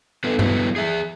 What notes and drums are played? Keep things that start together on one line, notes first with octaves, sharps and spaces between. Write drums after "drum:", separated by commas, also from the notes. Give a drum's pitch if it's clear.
B3 F4 A4 B4
F#3 G3 B3 E4 B4, drum: tom G2
G#4 E5